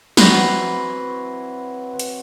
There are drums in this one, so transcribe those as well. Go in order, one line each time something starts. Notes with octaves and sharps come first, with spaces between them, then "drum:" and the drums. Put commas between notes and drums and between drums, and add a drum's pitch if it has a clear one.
E3 F#3 C4 B4 C6 A#6, drum: snare
drum: hi-hat